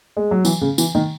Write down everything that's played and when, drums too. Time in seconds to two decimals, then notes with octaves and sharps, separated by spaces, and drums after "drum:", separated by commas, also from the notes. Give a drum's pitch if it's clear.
0.17 G#3
0.31 F#3
0.45 E3, drum: tambourine
0.61 C#3
0.78 E3, drum: tambourine
0.95 D#3